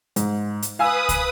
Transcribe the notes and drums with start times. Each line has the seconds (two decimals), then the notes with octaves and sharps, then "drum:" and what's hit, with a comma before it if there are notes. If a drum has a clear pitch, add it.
0.16 G#2, drum: hi-hat
0.62 drum: hi-hat
0.79 B4 F5 G#5 D#6 E6
1.09 drum: kick, hi-hat